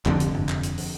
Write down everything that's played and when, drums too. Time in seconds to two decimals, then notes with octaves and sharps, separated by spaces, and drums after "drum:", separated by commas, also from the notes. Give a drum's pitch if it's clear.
0.06 F1 F2 B2 D3, drum: clap
0.20 drum: hi-hat
0.34 drum: tom F#2
0.49 drum: clap
0.63 drum: hi-hat
0.78 drum: open hi-hat